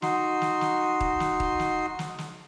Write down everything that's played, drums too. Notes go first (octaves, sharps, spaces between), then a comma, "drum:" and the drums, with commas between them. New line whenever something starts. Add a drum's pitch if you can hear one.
D#4 F#4 C6, drum: snare
drum: snare
drum: snare
drum: kick D#1
drum: snare
drum: kick D#1
drum: snare
drum: snare
drum: snare